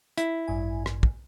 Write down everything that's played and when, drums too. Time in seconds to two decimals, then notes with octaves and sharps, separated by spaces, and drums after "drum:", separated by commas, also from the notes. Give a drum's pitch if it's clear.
0.18 E4, drum: hi-hat
0.48 A1 G2 G#5
0.86 drum: rim click
1.03 drum: kick